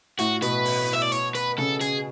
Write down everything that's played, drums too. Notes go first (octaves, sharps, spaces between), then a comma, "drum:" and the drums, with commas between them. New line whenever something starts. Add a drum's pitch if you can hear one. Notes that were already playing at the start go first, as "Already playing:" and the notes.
A2 F#4, drum: hi-hat
B2 B4, drum: hi-hat
drum: open hi-hat
E5
D5
C#5, drum: hi-hat
B4, drum: hi-hat
C#3 A4
G#4, drum: hi-hat